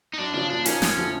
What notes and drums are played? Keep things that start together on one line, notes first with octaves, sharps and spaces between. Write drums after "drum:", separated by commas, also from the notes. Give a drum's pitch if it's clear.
D#4
F#2 D4
C#3 F3 D4
A#2 D4
F3 A#3 C#4 D#4, drum: hi-hat
F2, drum: snare
D3 F3 A3